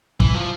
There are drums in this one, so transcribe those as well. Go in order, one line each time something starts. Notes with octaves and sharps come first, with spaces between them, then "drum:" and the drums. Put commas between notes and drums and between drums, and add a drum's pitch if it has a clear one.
E3, drum: kick
F3